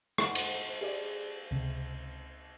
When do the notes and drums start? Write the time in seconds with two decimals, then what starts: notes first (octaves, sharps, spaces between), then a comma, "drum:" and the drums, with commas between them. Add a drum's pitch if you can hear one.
0.18 C5 F#5, drum: rim click
0.35 drum: cymbal
0.81 G4 G#4 D5
1.51 C#2 C3